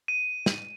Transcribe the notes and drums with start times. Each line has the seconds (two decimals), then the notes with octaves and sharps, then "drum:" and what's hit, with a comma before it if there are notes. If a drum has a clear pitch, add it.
0.08 D#7
0.46 D#7, drum: snare